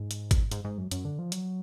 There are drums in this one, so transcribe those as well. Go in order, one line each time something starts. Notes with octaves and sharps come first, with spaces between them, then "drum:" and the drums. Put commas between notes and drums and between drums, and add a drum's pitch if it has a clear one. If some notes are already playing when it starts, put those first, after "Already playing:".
Already playing: G#2
drum: hi-hat
drum: kick, hi-hat
G#2, drum: hi-hat
G#2
F#2
F#2, drum: hi-hat
D3
F3
F#3, drum: hi-hat